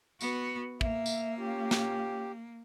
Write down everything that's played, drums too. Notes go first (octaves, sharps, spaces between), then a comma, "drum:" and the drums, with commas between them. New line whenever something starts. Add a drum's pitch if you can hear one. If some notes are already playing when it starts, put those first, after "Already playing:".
B3 F#4, drum: tambourine
A#3 E5, drum: kick
drum: tambourine
C#4 F4 G4
drum: snare